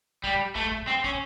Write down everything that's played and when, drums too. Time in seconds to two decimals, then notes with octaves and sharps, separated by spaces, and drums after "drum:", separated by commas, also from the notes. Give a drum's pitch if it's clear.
0.24 G3, drum: kick
0.56 A3, drum: kick
0.72 drum: kick
0.87 C4
1.04 C#4, drum: kick